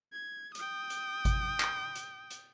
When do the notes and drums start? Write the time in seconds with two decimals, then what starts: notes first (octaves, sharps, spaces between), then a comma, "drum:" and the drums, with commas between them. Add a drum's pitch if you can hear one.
0.13 G#6
0.55 G5 D#6, drum: hi-hat
0.90 drum: hi-hat
1.25 drum: kick G#1, hi-hat
1.60 drum: clap
1.95 drum: hi-hat
2.30 drum: hi-hat